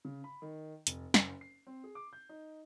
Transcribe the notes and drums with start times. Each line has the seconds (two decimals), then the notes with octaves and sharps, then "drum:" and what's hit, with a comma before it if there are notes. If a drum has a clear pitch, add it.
0.05 C#3
0.24 B5
0.42 D#3
0.87 F1, drum: hi-hat
1.14 F#1, drum: snare
1.41 C7
1.67 C4
1.84 G#4
1.95 D6
2.13 G6
2.29 D#4